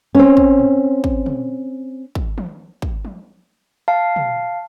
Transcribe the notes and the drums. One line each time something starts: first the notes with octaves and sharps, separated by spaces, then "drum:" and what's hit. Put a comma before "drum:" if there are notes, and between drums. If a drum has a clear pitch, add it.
C4 C#4
drum: kick
drum: tom
drum: kick
drum: tom
drum: kick
drum: tom
drum: kick
drum: tom
F5 A5
drum: tom